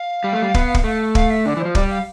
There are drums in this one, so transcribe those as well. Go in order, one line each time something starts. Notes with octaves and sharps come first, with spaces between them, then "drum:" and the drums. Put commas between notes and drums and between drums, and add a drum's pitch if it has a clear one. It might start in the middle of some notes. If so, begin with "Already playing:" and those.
Already playing: F5
G3
A3
G3
B3, drum: kick
drum: kick
A3
F5, drum: kick
E5
D3 D5
E3
C5
F3
G3 D5, drum: kick
F5